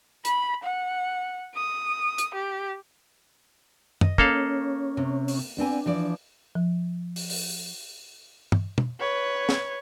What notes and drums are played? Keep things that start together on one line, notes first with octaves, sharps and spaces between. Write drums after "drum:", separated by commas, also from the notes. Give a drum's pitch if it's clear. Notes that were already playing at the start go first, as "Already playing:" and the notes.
B5, drum: hi-hat
F#5
D#6
drum: hi-hat
G4
D#5, drum: tom
A#3 C#4 A4 F5, drum: kick
C3
drum: open hi-hat
B3 C4 D4 G#5
E3 F3 D5
F3
drum: open hi-hat
drum: open hi-hat
drum: tom
drum: tom
B4 C#5
drum: snare